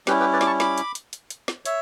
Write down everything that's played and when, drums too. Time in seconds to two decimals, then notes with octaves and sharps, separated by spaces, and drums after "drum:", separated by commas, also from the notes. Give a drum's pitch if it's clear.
0.07 G3 C#4 E4 G4 B4, drum: snare
0.20 G4 B4
0.33 B4 D5
0.41 D6, drum: snare
0.47 A5 C#6
0.60 B5 D6, drum: snare
0.78 drum: hi-hat
0.95 drum: hi-hat
1.13 drum: hi-hat
1.30 drum: hi-hat
1.48 drum: snare
1.65 C#5 E5, drum: hi-hat